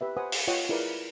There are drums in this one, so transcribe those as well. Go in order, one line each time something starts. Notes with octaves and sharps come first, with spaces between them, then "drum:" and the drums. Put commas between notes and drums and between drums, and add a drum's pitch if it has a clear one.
G4 B4 E5
B4 C5 F#5 G#5 D#6
drum: open hi-hat
F4 C#5 D#5 F#5 G5
E4 F4 G#4 A#4 B4 D5